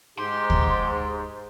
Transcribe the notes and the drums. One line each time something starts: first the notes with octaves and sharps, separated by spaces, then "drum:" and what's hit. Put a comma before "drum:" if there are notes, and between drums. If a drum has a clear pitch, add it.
G#2 G4 C6
drum: kick D2